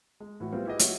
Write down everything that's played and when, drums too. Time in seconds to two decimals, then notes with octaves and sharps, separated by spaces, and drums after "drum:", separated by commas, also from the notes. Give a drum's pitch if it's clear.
0.20 G#3
0.40 A2 E3 F#4
0.52 G3 B3 C4 F4
0.66 E4 G4 G#4 B4 D#5
0.79 F#4 C#5 E5, drum: hi-hat